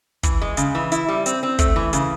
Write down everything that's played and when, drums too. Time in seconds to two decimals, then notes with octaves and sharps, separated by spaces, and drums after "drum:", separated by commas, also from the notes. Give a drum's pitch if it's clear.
0.23 E3, drum: kick, hi-hat
0.41 G#3
0.57 C#3, drum: hi-hat
0.75 E3
0.92 E4, drum: hi-hat
1.08 G3
1.26 C4, drum: hi-hat
1.43 C4
1.59 A3, drum: kick, hi-hat
1.76 E3
1.93 C#3, drum: hi-hat